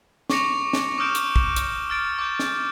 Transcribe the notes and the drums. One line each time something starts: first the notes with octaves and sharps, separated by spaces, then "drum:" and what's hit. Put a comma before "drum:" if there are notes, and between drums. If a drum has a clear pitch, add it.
C#6 D6 A#6 C#7 F7, drum: snare
drum: snare
D6 D#6 F6 G6 D7 E7
drum: hi-hat
drum: kick
drum: hi-hat
F6 A6 D7
D6 G6
drum: snare